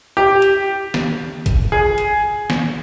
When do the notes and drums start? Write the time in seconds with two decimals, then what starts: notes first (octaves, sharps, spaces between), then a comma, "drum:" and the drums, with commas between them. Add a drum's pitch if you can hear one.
0.17 G4
0.42 drum: hi-hat
0.94 drum: snare
1.46 drum: kick G#1, hi-hat
1.72 G#4
1.98 drum: hi-hat
2.50 drum: snare